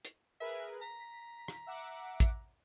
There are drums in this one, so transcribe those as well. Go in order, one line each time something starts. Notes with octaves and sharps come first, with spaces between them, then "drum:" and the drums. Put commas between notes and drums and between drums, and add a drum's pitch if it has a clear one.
drum: hi-hat
G#4 A#4 B4 E5
A#5 B6
drum: rim click
E5 F#5 D6
drum: kick, hi-hat